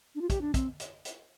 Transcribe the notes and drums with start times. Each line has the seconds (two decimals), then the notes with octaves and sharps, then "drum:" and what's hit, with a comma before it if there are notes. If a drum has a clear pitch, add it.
0.15 D4
0.21 F4
0.30 G4, drum: kick, hi-hat
0.41 D4
0.54 C4, drum: kick, hi-hat
0.80 drum: hi-hat
1.05 drum: hi-hat